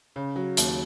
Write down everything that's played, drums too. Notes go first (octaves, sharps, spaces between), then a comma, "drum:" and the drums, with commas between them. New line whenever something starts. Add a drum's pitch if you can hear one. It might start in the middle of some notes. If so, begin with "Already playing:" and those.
C#3
F#3
D#2, drum: hi-hat